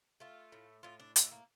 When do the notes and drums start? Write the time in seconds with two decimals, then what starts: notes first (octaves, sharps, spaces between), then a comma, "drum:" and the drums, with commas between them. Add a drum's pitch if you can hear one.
0.20 A3 F4
0.52 A2
0.83 A2 F4
1.00 D4
1.16 A3 D4, drum: hi-hat
1.32 A#3